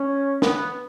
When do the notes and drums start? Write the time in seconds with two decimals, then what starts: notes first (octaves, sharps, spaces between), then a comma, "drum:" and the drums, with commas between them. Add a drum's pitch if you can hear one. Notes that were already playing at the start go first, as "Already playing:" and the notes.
Already playing: C#4
0.42 B3, drum: snare